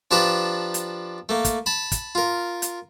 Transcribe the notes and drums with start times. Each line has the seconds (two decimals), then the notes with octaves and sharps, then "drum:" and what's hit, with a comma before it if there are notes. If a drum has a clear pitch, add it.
0.11 F3 D4 G4 B4 A5 A#5
0.74 drum: hi-hat
1.29 A3 A#3
1.45 drum: kick, hi-hat
1.66 A5 B5
1.92 drum: kick, hi-hat
2.15 F4 A#4
2.62 drum: hi-hat